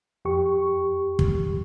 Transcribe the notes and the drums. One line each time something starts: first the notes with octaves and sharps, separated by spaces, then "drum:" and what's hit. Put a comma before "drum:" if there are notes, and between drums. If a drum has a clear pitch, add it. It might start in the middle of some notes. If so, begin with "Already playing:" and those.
F2 G4 C#6
drum: kick